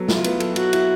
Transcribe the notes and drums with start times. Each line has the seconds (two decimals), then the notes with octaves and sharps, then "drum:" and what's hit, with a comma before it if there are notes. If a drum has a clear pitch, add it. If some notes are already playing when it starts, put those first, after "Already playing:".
Already playing: F#3 B3 A4
0.08 E4 F4, drum: snare
0.24 B3, drum: cymbal
0.40 A4, drum: cymbal
0.56 F#3 F#4, drum: cymbal
0.73 E4, drum: cymbal